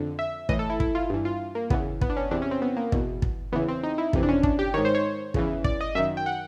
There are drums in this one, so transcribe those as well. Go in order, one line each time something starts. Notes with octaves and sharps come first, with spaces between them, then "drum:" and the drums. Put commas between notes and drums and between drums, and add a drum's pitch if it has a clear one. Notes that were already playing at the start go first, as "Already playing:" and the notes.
Already playing: F2 D3
E5
A2 E3 D#5, drum: kick
A4
E4
E4, drum: kick
F4
G2 E3
F4
A#3
E2 C#3 E3 B3, drum: kick
B3, drum: kick
D4
C#4
E2 C3 E3 D4
C#4
C4
B3
A#3
E2 B2, drum: kick
drum: kick
E2 C#3 E3 B3
C4
D#4
E4
F2 C3 E3, drum: kick
D4
C#4
D4, drum: kick
G4
G#2 D#3 C#5
C5
C#5
E2 C#3 E3, drum: kick
D5, drum: kick
D#5
F#2 D#3 E5
G5
F#5